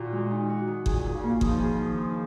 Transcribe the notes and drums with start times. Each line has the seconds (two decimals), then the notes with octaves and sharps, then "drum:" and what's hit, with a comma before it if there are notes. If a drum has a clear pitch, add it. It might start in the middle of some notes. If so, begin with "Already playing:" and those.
Already playing: A#2 D#3 F#4
0.13 G#3
0.31 D#4
0.49 F#4
0.67 D#3
0.86 A#2 G#4, drum: kick G1
1.05 D#3
1.14 A#2 C#3
1.23 A#3
1.41 C#3 F3 D#4, drum: kick G1
1.60 G#4
1.78 D#3
1.97 D#4